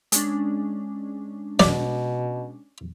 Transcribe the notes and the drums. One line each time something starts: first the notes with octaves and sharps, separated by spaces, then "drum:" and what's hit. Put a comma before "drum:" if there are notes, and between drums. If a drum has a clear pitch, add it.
G#3 C#4 D4, drum: hi-hat
B2 D5, drum: snare